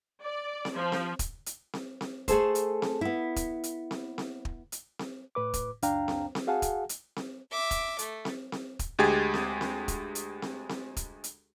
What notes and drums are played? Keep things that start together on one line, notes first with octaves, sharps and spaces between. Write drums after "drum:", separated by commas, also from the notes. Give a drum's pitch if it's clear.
D5
drum: snare C4
F3
drum: snare C4
drum: kick, hi-hat
drum: hi-hat
drum: snare C4
drum: snare C4
A3 G#4 A4 C5, drum: kick, hi-hat
drum: hi-hat
drum: snare C4
B3 E4
drum: kick, hi-hat
drum: hi-hat
drum: snare C4
drum: snare C4
drum: kick
drum: hi-hat
drum: snare C4
A2 B4 D6
drum: kick, hi-hat
C#2 F#2 D4 F5 G5 A#5, drum: hi-hat
drum: snare C4
drum: snare C4
F#4 G#4 F5 F#5 G#5 A5
drum: kick, hi-hat
drum: hi-hat
drum: snare C4
E5 D6
drum: kick, hi-hat
A3, drum: hi-hat
drum: snare C4
drum: snare C4
drum: kick, hi-hat
D2 G#3 G4 G#4 G#6 A6
drum: snare C4
drum: snare C4
drum: kick, hi-hat
drum: hi-hat
drum: snare C4
drum: snare C4
drum: kick, hi-hat
drum: hi-hat